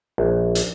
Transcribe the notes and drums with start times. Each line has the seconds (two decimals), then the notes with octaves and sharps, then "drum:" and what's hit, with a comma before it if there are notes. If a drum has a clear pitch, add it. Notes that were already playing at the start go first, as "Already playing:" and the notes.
0.18 A#1
0.55 drum: hi-hat